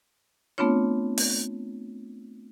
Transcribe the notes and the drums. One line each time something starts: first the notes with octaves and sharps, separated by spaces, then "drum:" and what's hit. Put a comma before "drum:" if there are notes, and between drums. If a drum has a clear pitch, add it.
A3 B3 C4 D4 F4 C#5
drum: open hi-hat